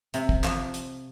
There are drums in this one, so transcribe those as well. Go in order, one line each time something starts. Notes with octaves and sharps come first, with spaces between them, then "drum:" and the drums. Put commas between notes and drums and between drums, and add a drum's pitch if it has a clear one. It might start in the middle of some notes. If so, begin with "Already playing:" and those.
C3, drum: hi-hat
drum: kick
F3, drum: clap
drum: hi-hat